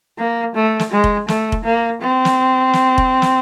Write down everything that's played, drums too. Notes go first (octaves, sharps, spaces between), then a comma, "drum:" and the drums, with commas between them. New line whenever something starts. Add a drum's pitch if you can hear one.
A#3
A3
drum: snare
G#3
drum: kick F1
A3, drum: snare
drum: kick F1
A#3
C4
drum: snare
drum: snare
drum: kick F1
drum: snare